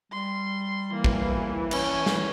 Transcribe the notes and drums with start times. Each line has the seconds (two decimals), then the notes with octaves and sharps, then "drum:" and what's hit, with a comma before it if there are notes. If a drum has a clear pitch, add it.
0.12 G3 C6
0.93 E3 A#3
1.04 drum: kick
1.71 C#4, drum: cymbal
2.06 drum: snare